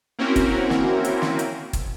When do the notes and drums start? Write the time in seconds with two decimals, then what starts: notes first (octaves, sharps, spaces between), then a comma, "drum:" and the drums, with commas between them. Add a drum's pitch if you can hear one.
0.19 A#3 C4 C#4 E4 F#4 A#4
0.36 drum: kick, hi-hat
0.70 drum: snare
1.05 drum: hi-hat
1.22 drum: snare
1.39 drum: hi-hat
1.73 drum: kick, hi-hat